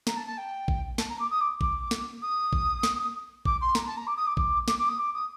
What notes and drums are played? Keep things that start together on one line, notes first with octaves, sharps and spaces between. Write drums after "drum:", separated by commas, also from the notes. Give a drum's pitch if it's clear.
A#5, drum: snare
A5
A5
G5
drum: kick A1
A5, drum: snare
A#5
D6
D#6
D6
D6, drum: kick A1
drum: snare
D#6
drum: kick A1
drum: snare
D6, drum: kick A1
C6
A#5, drum: snare
A5
A#5
D6
D#6
D6
D6, drum: kick A1
D6, drum: snare
D6
D#6
D6
D#6